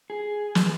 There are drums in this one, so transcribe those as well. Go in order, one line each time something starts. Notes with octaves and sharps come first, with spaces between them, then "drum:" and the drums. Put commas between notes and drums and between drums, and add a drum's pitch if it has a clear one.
G#4
drum: snare